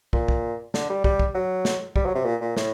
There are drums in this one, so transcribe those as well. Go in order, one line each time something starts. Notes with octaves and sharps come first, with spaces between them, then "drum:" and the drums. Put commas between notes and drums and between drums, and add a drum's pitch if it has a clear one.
A#2, drum: kick
drum: kick
D3, drum: snare
G3
G3, drum: kick
drum: kick
F#3
drum: snare
G3, drum: kick
F#3
C3
A#2
A#2
A2, drum: snare